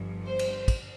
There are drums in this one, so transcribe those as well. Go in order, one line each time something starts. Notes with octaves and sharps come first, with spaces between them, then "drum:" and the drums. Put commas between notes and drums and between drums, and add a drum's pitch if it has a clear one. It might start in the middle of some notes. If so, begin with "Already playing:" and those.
Already playing: G1 G2 F3
C5
drum: cymbal
drum: kick, cymbal